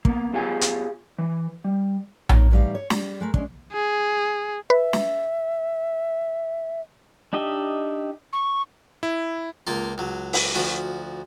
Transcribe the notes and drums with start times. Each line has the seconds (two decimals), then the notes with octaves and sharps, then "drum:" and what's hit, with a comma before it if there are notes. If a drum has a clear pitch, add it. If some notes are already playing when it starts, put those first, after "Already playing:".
0.05 A#3 B3, drum: kick
0.33 B3 F4 G4 G#4 F5 G#5
0.61 drum: hi-hat
1.18 E3
1.64 G3
2.29 A#3 D#4 C#5, drum: tom A#1
2.51 A2 D3 E3 G3 D#4 F5
2.75 C#5
2.90 G3, drum: snare
3.21 G#3 A3 A#4
3.34 G#3 C#4 D4, drum: kick
3.73 G#4
4.70 B4 E5
4.93 drum: snare
7.33 D4 D#4 G4 D#5 E5
8.33 C#6
9.03 E4
9.67 C#2 A#3 F4
9.98 C#2 F#3
10.33 drum: open hi-hat
10.55 D2 F3 F#4 D#6